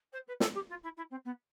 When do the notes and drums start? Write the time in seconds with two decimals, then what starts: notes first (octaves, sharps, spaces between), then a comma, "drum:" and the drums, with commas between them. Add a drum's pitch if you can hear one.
0.12 C5
0.27 B4
0.40 A4, drum: snare
0.54 G4
0.69 F4
0.83 E4
0.97 E4
1.10 C4
1.25 B3